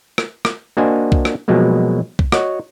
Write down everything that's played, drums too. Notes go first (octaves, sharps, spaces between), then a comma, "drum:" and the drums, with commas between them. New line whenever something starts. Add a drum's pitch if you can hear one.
drum: rim click
drum: rim click
A#3 D4 F#4 C5 D#5 G#5
drum: kick
drum: rim click
B2 F3 F#3 G#3 A#3
drum: kick
F#4 C#5 D#5 F#5, drum: rim click